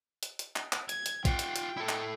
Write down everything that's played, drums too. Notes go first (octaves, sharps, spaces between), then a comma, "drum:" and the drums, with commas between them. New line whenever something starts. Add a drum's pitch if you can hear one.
drum: hi-hat
drum: hi-hat
drum: clap
drum: clap
G#6, drum: hi-hat
drum: hi-hat
F4 F#5 G5, drum: kick, hi-hat
drum: hi-hat
drum: hi-hat
E4 A4
drum: clap